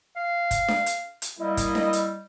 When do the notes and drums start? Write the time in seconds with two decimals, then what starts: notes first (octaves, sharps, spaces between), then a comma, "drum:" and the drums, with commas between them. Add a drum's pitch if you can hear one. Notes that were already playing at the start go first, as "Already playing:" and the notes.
0.17 F5
0.51 drum: kick, hi-hat
0.69 drum: snare D4
0.86 drum: hi-hat
1.22 drum: hi-hat
1.40 G3 A#3 E4 D#5
1.57 drum: kick, hi-hat
1.75 drum: snare D4
1.93 drum: hi-hat